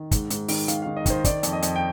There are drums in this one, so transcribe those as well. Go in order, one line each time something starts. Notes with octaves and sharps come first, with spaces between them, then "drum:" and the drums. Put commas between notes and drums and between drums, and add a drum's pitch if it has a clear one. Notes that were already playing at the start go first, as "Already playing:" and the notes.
Already playing: D#3
G#2, drum: kick, hi-hat
G#2, drum: hi-hat
D#3, drum: open hi-hat
D#3 F5, drum: hi-hat
D#3 F5
D#5
D#3 C5, drum: kick, hi-hat
D#3 D5, drum: kick, hi-hat
F2, drum: hi-hat
D#5
F2, drum: hi-hat
G5